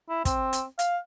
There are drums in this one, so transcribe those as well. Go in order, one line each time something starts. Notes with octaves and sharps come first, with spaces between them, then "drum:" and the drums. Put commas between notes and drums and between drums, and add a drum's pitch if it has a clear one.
E4
C4, drum: kick, hi-hat
drum: hi-hat
F5, drum: hi-hat